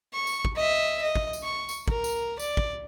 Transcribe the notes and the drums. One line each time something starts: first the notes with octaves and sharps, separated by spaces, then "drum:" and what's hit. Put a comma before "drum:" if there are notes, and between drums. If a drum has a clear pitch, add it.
C#6
drum: tambourine
drum: kick
D#5 E5
D#5
drum: kick
drum: tambourine
C#6
drum: tambourine
A#4, drum: kick
drum: tambourine
D5, drum: tambourine
drum: kick